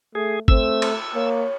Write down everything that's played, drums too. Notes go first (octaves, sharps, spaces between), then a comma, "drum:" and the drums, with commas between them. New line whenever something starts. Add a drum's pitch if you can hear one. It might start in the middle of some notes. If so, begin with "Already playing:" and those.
A3 G#4
A3 C4 E6, drum: kick G#1
drum: cymbal
A#3 C#5